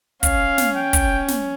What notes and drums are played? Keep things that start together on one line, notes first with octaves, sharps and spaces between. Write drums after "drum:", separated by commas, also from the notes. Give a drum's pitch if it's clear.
C#4 F5, drum: kick, hi-hat
drum: snare
G5
drum: kick, hi-hat
drum: snare